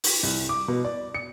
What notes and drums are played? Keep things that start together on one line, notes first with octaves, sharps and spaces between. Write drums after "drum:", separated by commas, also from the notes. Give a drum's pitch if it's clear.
drum: open hi-hat
C2
D6
B2
D5
C#7